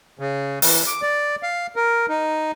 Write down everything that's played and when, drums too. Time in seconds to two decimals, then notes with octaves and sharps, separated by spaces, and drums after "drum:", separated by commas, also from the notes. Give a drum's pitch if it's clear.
0.19 C#3
0.62 E3, drum: open hi-hat
0.87 D6
1.02 D5
1.43 F5
1.76 A#4
2.09 D#4